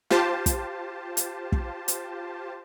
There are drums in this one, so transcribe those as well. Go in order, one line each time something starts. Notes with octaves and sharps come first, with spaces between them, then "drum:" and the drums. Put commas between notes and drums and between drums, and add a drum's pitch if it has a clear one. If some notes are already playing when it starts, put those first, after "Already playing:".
F4 G4 C5 A5, drum: snare
drum: kick, hi-hat
drum: hi-hat
drum: kick
drum: hi-hat